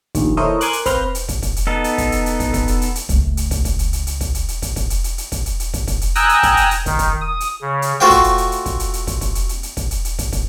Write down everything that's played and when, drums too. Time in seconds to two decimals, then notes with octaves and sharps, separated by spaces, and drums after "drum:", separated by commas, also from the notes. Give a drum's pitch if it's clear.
0.15 A#1 D#2, drum: kick, hi-hat
0.37 E4 A4 A#4 C5 C#5 D#5
0.61 A#4 G#5 C6 D6 F#6, drum: hi-hat
0.73 drum: hi-hat
0.86 C4 B4 F5 F6 G6 A#6, drum: kick, hi-hat
1.15 drum: hi-hat
1.29 drum: kick, hi-hat
1.42 drum: kick, hi-hat
1.56 drum: hi-hat
1.67 B3 D#4 A4
1.84 drum: hi-hat
1.98 drum: kick, hi-hat
2.12 drum: hi-hat
2.26 drum: hi-hat
2.40 drum: kick, hi-hat
2.54 drum: kick, hi-hat
2.68 drum: hi-hat
2.82 drum: hi-hat
2.95 drum: hi-hat
3.09 C#2 A3, drum: kick, hi-hat
3.37 drum: hi-hat
3.51 drum: kick, hi-hat
3.65 drum: kick, hi-hat
3.79 drum: hi-hat
3.93 drum: hi-hat
4.07 drum: hi-hat
4.21 drum: kick, hi-hat
4.34 drum: hi-hat
4.48 drum: hi-hat
4.62 drum: kick, hi-hat
4.76 drum: kick, hi-hat
4.90 drum: hi-hat
5.04 drum: hi-hat
5.18 drum: hi-hat
5.32 drum: kick, hi-hat
5.46 drum: hi-hat
5.60 drum: hi-hat
5.74 drum: kick, hi-hat
5.87 drum: kick, hi-hat
6.01 drum: hi-hat
6.15 G5 G#5 A#5 D#6 E6 F#6, drum: hi-hat
6.29 drum: hi-hat
6.43 drum: kick, hi-hat
6.57 drum: hi-hat
6.71 drum: hi-hat
6.86 D#3, drum: kick, hi-hat
6.99 drum: kick, hi-hat
7.21 D#6
7.40 drum: hi-hat
7.61 C#3
7.82 drum: hi-hat
8.00 A3 F4 F#4 C5 F5 G5
8.10 drum: kick, hi-hat
8.24 drum: hi-hat
8.38 drum: hi-hat
8.52 drum: hi-hat
8.66 drum: kick, hi-hat
8.79 drum: hi-hat
8.93 drum: hi-hat
9.07 drum: kick, hi-hat
9.21 drum: kick, hi-hat
9.35 drum: hi-hat
9.49 drum: hi-hat
9.63 drum: hi-hat
9.77 drum: kick, hi-hat
9.91 drum: hi-hat
10.05 drum: hi-hat
10.19 drum: kick, hi-hat
10.32 drum: kick, hi-hat